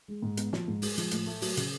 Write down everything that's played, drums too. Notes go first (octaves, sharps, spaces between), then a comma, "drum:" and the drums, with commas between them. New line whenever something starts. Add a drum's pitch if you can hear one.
G#3
G#2
B3, drum: hi-hat
F3, drum: snare
G#2
G#3, drum: open hi-hat
F3, drum: hi-hat
A2, drum: hi-hat
A3
F#3, drum: open hi-hat
C#3, drum: hi-hat